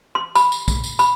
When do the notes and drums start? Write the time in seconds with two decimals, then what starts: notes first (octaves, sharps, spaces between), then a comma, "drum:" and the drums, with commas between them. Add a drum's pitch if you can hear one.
0.15 C6
0.36 B5, drum: tambourine
0.52 drum: tambourine
0.68 drum: kick, tambourine
0.84 drum: tambourine
0.99 B5, drum: tambourine